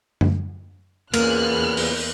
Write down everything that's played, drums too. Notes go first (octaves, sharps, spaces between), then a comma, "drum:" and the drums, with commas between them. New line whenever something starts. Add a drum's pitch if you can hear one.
drum: tom F#2
E2 A#2 C#3 A#3 B3 F6 F#6, drum: cymbal
drum: open hi-hat